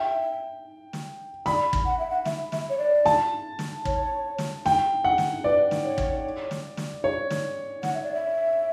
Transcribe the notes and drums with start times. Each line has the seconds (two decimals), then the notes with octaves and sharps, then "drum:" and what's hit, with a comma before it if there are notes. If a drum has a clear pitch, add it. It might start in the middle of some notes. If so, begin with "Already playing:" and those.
Already playing: E5 G5
0.93 drum: snare
1.46 D5 B5, drum: snare
1.73 drum: kick
1.86 F#5
1.99 E5
2.10 F#5
2.25 E5, drum: snare
2.52 E5, drum: snare
2.69 C#5
2.78 D5
3.05 A5, drum: snare
3.59 drum: snare
3.85 C#5, drum: kick
4.38 drum: snare
4.66 G5, drum: snare
5.04 F#5
5.18 drum: snare
5.44 B4 D5
5.71 drum: snare
5.84 C#5
5.98 drum: kick
6.51 drum: snare
6.77 drum: snare
7.04 C#5
7.30 drum: snare
7.83 F#5, drum: snare
7.94 E5
8.04 D5
8.14 E5